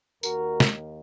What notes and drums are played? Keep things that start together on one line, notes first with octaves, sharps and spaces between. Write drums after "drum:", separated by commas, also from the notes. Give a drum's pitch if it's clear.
D#2 D#3 A#3 F#4 A#4, drum: tambourine
drum: snare